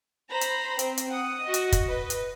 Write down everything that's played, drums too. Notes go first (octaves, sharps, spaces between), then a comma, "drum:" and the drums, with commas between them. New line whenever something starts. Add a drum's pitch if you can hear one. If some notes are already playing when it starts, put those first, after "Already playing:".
C5 A#5 B5
drum: hi-hat
C4, drum: hi-hat
drum: hi-hat
F#5 D#6
F#4 D#5
drum: hi-hat
drum: kick, hi-hat
B4 D#5
drum: hi-hat